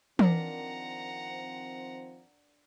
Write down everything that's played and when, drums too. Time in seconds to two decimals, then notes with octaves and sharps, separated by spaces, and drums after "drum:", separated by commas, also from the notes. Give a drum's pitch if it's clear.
0.19 D#3 F3 C4 D4 A#4 F#5 A#5, drum: tom E3